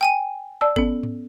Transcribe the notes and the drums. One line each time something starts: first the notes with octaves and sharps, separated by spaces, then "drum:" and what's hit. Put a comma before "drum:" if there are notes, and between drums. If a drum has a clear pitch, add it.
G5 G#5 D#7
D5 A5 E6
B3 C#4 A4, drum: kick G#1
drum: tom G#2